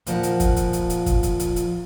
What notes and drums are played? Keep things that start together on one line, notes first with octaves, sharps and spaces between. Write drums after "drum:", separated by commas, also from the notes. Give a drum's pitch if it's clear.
A#2 F3 A#4 F#5, drum: hi-hat
drum: hi-hat
drum: kick, hi-hat
drum: hi-hat
drum: hi-hat
drum: hi-hat
drum: kick, hi-hat
drum: hi-hat
drum: hi-hat
drum: hi-hat